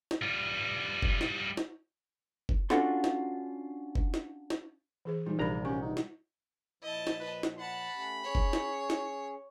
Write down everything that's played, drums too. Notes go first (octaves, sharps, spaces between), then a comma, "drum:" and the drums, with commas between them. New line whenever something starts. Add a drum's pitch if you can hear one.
drum: snare
G3 F4
drum: kick F#1
drum: snare
drum: snare
drum: kick F#1
C#4 D4 F4 F#4 A4 C6, drum: snare
drum: snare
drum: kick F#1
drum: snare
drum: snare
E3 G#4 C5
A#2 E3 G3 D#4
A#1 C3 G3 D4 A#4 A#5 B5
C#4 G4 F#5 C#6
D#4
drum: snare
A#2 F3 E4 D#5 A5
drum: snare
B4
drum: snare
F#5 A5 B5
A3 C#4 G4
C#4 G#4 C#5
drum: kick F#1
drum: snare
drum: snare